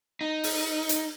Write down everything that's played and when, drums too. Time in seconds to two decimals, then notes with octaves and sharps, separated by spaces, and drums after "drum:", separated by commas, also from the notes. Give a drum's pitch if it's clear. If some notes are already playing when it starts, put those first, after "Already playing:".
0.21 D#4
0.44 drum: open hi-hat
0.89 drum: hi-hat